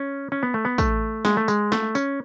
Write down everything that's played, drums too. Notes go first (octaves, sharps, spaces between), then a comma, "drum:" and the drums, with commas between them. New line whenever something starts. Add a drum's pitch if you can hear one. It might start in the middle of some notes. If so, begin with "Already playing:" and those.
Already playing: C#4
C#4
B3
A3
B3
A3, drum: kick, tambourine
G#3, drum: snare
A3
G#3, drum: tambourine
A3, drum: snare
C#4, drum: tambourine